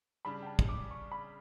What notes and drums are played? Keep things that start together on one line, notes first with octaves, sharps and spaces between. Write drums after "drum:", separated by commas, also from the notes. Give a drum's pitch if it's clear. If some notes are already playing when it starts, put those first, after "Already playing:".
C#3 G3 D4 B5
G5
A5
drum: kick
D6
C#6
B5